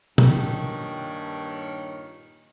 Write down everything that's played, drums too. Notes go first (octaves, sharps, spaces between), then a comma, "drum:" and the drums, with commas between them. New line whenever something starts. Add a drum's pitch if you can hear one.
G2 A#2 D#3 C#5, drum: tom